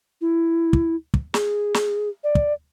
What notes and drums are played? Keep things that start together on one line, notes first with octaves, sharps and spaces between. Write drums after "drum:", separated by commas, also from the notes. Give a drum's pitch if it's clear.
E4
drum: kick
drum: kick
G#4, drum: snare
drum: snare
D5
drum: kick